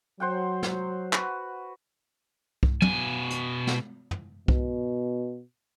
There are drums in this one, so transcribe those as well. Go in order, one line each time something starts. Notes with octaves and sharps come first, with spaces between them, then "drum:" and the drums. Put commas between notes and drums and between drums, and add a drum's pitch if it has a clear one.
F#3 C5 F#5 G5
drum: snare
F#4 B4, drum: clap
drum: kick C2
B2 G#5, drum: tom
drum: hi-hat
drum: snare
drum: tom
B2, drum: kick C2